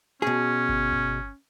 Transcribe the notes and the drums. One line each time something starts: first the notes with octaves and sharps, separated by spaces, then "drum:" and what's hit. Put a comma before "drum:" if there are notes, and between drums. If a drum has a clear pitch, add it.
B2 C#4 G#4
drum: kick G1
drum: kick G1